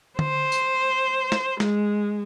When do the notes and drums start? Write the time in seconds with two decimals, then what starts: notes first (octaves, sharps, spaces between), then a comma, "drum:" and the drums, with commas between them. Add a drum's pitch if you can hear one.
0.19 C5, drum: tom D3
0.52 drum: tambourine
1.32 drum: snare
1.60 G#3, drum: snare